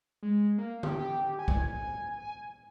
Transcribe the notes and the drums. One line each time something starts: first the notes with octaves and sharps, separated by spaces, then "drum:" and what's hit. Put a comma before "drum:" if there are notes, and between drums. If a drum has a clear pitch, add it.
G#3
A#3
G4, drum: tom D3
G4
G#5
drum: kick